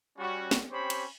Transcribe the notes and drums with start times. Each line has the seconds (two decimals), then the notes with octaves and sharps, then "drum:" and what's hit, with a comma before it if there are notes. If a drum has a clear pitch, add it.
0.18 G3 C#4 F#4
0.51 drum: snare
0.71 C4 C#4 G4 C5 C#5 B5
0.90 drum: cymbal